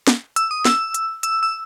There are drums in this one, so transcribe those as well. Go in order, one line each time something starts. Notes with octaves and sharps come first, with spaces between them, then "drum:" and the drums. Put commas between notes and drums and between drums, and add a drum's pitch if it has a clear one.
drum: snare
E6, drum: hi-hat
D#6
E6, drum: snare
drum: hi-hat
E6, drum: hi-hat
E6